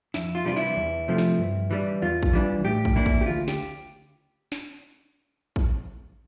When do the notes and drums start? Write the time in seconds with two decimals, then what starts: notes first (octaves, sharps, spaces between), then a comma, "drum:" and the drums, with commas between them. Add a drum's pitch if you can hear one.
0.14 F2 E4, drum: snare
0.35 F4
0.45 C3 E3 G3 D4 F4
0.56 E4
0.76 E2
1.08 C3 F3 A3
1.18 drum: snare
1.39 G2
1.71 E3 G3 D4
2.02 E2 F4
2.23 drum: kick
2.33 E3 G3 D4
2.64 A2 G4
2.85 drum: kick
2.96 E3 A#3 D4 E4
3.06 drum: kick
3.21 G4
3.26 D2 F4
3.48 G4, drum: snare
4.52 drum: snare
5.56 drum: kick